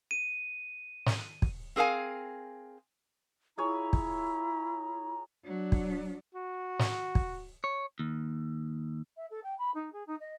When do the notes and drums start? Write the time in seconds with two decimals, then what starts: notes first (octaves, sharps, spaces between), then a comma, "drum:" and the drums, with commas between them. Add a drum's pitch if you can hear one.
0.11 D#7
1.06 drum: snare
1.42 drum: kick
1.76 C4 G#4 A#4 F5 G#5
3.58 E4 F4 G#4 C#5 A#5
3.93 drum: kick
5.45 F#3 D4
5.72 drum: kick
6.35 F#4
6.79 drum: snare
7.15 drum: kick
7.64 C#5
7.99 D#2
9.16 E5
9.30 A4
9.43 G5
9.58 B5
9.74 D#4
9.92 G#4
10.06 D#4
10.20 D#5